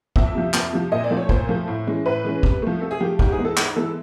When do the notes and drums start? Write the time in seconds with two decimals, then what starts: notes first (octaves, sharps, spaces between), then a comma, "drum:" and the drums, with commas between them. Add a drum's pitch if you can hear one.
0.16 F2 E5, drum: kick
0.35 C3 F3
0.54 F2, drum: clap
0.73 C3 F3
0.92 A#2 D#5
1.04 D5
1.10 F3 A3 C4
1.17 C#5
1.29 A#2 C5, drum: kick
1.49 F3 A3 C4
1.68 A2
1.87 E3 G#3 C#4
2.05 A2 B4
2.24 E3 G#3 C#4
2.43 C3, drum: kick
2.62 F3 A3
2.81 C3 A4
2.91 G#4
3.00 F3 A3 G4
3.19 G#2 G4, drum: kick
3.32 G#4
3.38 E3 G#3 B3
3.45 A4
3.57 G#2, drum: clap
3.76 E3 G#3 B3 A4